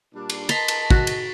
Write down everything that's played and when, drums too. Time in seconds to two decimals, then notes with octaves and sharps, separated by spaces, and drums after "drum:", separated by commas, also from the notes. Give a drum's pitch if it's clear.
0.15 A#2 G3 D4
0.30 drum: cymbal
0.49 A#4 D#5 A5 A#5 C6 A6 B6, drum: cymbal
0.68 drum: cymbal
0.90 F#4, drum: kick
1.07 drum: cymbal